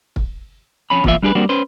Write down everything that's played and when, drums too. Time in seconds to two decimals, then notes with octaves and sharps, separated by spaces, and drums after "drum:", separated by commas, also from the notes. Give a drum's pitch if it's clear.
0.16 drum: kick
0.90 F2 C#4 B5
1.04 E2 A#2 F3 F4 E5, drum: kick
1.23 G3 D4 G4 G#4 B4
1.35 G3 A#3 C4 D4 F#4
1.49 C#4 B4 C5